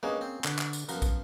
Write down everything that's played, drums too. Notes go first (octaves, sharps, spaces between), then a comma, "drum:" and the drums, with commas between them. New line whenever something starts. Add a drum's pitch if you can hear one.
G2 G#3 A#3 B3 C#4 G#4
C4
D3 B4 C#5 D5, drum: clap
drum: clap
drum: tambourine
F#2 F3 B3 A#4, drum: tambourine
drum: kick, tambourine